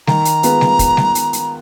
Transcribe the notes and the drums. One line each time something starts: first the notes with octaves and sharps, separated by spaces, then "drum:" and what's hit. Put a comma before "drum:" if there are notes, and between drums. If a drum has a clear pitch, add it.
D#3 A#5, drum: snare G3
drum: hi-hat
G#3 B3 F4 B4, drum: hi-hat
drum: snare G3
drum: kick, hi-hat
drum: snare G3
drum: hi-hat
drum: hi-hat